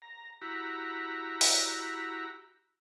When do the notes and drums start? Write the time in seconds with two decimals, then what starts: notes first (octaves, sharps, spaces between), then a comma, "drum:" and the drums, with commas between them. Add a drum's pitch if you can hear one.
0.02 A#5
0.42 E4 F#4 G4 A#5 B5
1.41 drum: open hi-hat